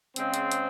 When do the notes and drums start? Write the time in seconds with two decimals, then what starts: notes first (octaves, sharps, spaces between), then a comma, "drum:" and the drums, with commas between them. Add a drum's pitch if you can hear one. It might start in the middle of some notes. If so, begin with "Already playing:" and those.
0.16 C#3 G#3 C4, drum: hi-hat
0.34 drum: hi-hat
0.51 drum: hi-hat